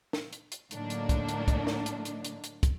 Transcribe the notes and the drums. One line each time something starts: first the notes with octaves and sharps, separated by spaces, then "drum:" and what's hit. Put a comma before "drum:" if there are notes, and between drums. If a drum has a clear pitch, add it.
drum: snare
drum: hi-hat
drum: hi-hat
A2 D3 F#3 A#3 D4 D#4, drum: hi-hat
drum: hi-hat
drum: kick, hi-hat
drum: hi-hat
drum: kick, hi-hat
drum: snare
drum: hi-hat
drum: hi-hat
drum: hi-hat
drum: hi-hat
drum: kick, hi-hat